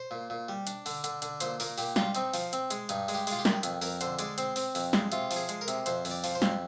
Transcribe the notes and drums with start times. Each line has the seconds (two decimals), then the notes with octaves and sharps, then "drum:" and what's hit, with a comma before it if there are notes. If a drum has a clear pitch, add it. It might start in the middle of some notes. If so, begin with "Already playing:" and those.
Already playing: C5
0.11 A#2
0.30 A#2
0.49 G3
0.67 D4, drum: hi-hat
0.86 D3, drum: open hi-hat
1.04 D3, drum: hi-hat
1.22 D3, drum: hi-hat
1.40 A#2 C5, drum: hi-hat
1.60 A#2 A#4, drum: open hi-hat
1.78 A#2 G4, drum: open hi-hat
1.96 G3 F4, drum: snare
2.15 C4 D#4, drum: hi-hat
2.34 F3, drum: open hi-hat
2.53 C4, drum: hi-hat
2.70 G#3, drum: hi-hat
2.89 G2 D#4, drum: hi-hat
3.08 G#3, drum: open hi-hat
3.14 G4
3.27 G#3 F4, drum: open hi-hat
3.39 G4
3.45 D#3, drum: snare
3.63 F2, drum: hi-hat
3.81 F2 A#4, drum: open hi-hat
4.01 D3 C5, drum: hi-hat
4.19 G#3 D5, drum: hi-hat
4.38 C4 C5, drum: hi-hat
4.56 C4, drum: open hi-hat
4.75 F2, drum: open hi-hat
4.93 G#3, drum: snare
5.12 C3 F4, drum: hi-hat
5.31 F3, drum: open hi-hat
5.36 G#4
5.49 G#3, drum: hi-hat
5.61 A#4
5.68 C3, drum: hi-hat
5.86 F2 C5, drum: hi-hat
6.05 F2, drum: open hi-hat
6.11 D5
6.24 F3, drum: open hi-hat
6.35 C5
6.42 F2, drum: snare